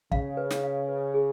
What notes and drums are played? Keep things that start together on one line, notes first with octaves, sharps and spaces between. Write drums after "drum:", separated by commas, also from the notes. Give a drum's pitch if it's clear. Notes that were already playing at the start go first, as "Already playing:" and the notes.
C#3 F5, drum: kick
B4
drum: snare
F5
B4
G#4